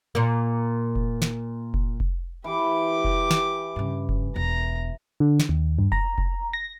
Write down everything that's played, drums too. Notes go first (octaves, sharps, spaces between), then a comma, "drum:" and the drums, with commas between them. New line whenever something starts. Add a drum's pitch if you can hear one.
A#2 A#3
drum: kick F1
drum: snare
drum: kick F1
drum: kick F1
E3 G4 D6
drum: kick F1
drum: snare
G2 C#3
drum: kick F1
E1 A#5
D3
drum: snare
D#2
G2
A#5, drum: kick F1
drum: kick F1
A#6